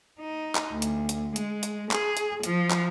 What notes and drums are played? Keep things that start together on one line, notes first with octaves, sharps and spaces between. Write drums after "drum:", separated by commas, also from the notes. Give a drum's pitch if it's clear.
D#4
drum: clap
D2
drum: hi-hat
drum: hi-hat
G#3, drum: hi-hat
drum: hi-hat
G#4, drum: clap
drum: hi-hat
F3, drum: hi-hat
drum: clap